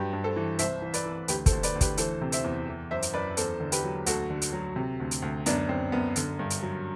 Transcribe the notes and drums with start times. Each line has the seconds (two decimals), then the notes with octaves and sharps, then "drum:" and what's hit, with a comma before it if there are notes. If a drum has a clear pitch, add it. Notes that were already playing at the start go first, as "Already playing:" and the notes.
Already playing: G2 F#3 G4 B4
0.13 G2
0.24 A4 C5
0.36 E3
0.59 C2 C5 E5, drum: hi-hat
0.82 E3
0.94 B4 D5, drum: hi-hat
1.05 E3
1.28 D2 G4 B4, drum: hi-hat
1.46 A4 C5, drum: kick, hi-hat
1.52 D2
1.63 B4 D5, drum: hi-hat
1.75 D2
1.81 G4 B4, drum: kick, hi-hat
1.97 E3 A4 C5, drum: hi-hat
2.21 C3
2.32 C5 E5, drum: hi-hat
2.44 E2
2.68 E3
2.91 F#2 C5 E5
3.02 drum: hi-hat
3.14 F#2 B4 D5
3.37 E2 A4 C5, drum: hi-hat
3.60 D3
3.72 G4 B4, drum: hi-hat
3.84 F#3
4.06 D2 F#4 A4, drum: hi-hat
4.30 D3
4.42 drum: hi-hat
4.53 F#3
4.76 C3
5.00 D2
5.11 drum: hi-hat
5.22 D2
5.46 F#2 B3 D4, drum: hi-hat
5.69 F#2 C4
5.92 F#2 B3
6.16 D3, drum: hi-hat
6.39 G2
6.50 drum: hi-hat
6.62 F#3